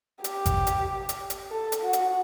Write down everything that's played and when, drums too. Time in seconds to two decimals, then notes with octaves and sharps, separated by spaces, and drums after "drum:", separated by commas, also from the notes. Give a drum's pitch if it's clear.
0.24 G4, drum: hi-hat
0.46 drum: kick G#1, hi-hat
0.67 drum: hi-hat
1.09 drum: hi-hat
1.30 drum: hi-hat
1.51 A4
1.72 drum: hi-hat
1.83 F#4
1.93 drum: hi-hat